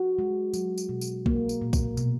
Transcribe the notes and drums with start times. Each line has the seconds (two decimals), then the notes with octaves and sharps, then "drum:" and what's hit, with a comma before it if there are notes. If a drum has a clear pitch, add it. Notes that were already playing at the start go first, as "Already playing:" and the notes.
Already playing: F#4
0.19 G#3
0.53 F#3, drum: tambourine
0.78 drum: tambourine
0.89 B2
1.01 drum: tambourine
1.26 A#3, drum: kick B1
1.49 drum: tambourine
1.61 A#2
1.73 drum: kick B1, tambourine
1.97 B2, drum: tambourine